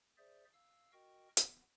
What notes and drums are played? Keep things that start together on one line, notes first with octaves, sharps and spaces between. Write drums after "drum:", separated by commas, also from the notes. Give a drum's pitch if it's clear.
G#4 C5 D5 E5
F5 E6
F#4 A#4 D#5 G5 C#6
B3, drum: hi-hat